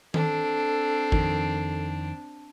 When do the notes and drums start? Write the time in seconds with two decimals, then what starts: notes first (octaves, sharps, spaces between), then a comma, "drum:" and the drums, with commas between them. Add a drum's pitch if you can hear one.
0.14 C4 D4 A4, drum: tom D#3
1.12 F2 D#3, drum: kick